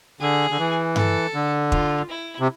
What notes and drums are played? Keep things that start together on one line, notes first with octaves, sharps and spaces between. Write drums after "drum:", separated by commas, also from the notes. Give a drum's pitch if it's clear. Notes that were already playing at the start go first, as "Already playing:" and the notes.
D3 G#4
D3
E3
A4, drum: tom G2
D3
F4, drum: kick
E4
C3